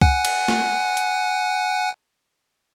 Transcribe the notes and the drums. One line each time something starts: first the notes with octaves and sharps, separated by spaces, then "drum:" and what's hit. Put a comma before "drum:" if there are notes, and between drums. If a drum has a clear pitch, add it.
F#5 G#5 F#6, drum: kick C#2
drum: cymbal
drum: snare
drum: hi-hat